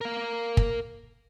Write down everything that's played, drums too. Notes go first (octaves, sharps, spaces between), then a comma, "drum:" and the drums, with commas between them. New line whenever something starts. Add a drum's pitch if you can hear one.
A#4 F5
drum: kick